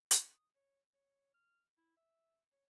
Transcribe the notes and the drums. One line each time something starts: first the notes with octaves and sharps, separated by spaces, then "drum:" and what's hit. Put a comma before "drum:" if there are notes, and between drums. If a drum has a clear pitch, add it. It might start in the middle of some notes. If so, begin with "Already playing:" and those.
drum: hi-hat
D#6
C#5
C#5
F6
E4
E5
C#5